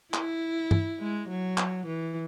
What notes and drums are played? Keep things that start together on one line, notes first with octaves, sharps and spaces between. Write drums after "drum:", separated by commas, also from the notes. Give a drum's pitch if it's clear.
E4, drum: clap
drum: tom G2
G#3
F#3
drum: clap
E3